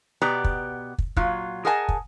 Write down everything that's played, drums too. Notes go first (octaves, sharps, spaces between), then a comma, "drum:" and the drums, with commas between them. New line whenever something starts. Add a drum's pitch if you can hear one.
B2 B3 G4 D5 A#5
drum: kick
drum: kick
A#2 F#3 F4, drum: kick
G#4 A#4 D#5 F#5 G#5 A5
drum: kick